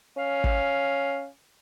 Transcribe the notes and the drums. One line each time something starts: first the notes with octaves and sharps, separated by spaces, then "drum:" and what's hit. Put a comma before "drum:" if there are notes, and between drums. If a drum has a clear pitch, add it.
C#4 F5
drum: kick